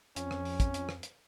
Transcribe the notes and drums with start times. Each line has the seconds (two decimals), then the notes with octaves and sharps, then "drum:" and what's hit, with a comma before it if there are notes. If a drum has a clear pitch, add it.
0.16 F2 C#4, drum: hi-hat
0.31 drum: rim click
0.45 drum: open hi-hat
0.60 drum: kick, hi-hat
0.74 drum: hi-hat
0.89 drum: rim click
1.03 drum: hi-hat